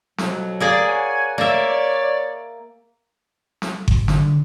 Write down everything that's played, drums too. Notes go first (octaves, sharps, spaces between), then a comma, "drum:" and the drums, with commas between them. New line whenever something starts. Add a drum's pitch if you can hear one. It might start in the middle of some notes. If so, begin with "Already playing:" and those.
F2 B2 F#3, drum: snare
A#3 G#4 D5
C#5 F#5 G#5
A#3 C#5 D5 E5
drum: snare
G#1, drum: kick G1
D3, drum: snare